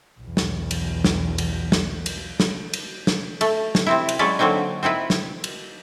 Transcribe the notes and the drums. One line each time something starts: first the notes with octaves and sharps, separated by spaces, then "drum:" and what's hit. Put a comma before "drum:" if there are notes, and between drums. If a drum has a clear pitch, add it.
B1 E2
drum: snare
drum: cymbal
drum: snare
drum: cymbal
drum: snare
drum: cymbal
drum: snare
drum: cymbal
drum: snare
A3, drum: cymbal
drum: snare
C3 C4 E4
drum: cymbal
F#3 G#3 C#4 B4 D5
D3 F#3 A#3 C4 D#4
C4 D#4 E4 B4
drum: snare
drum: cymbal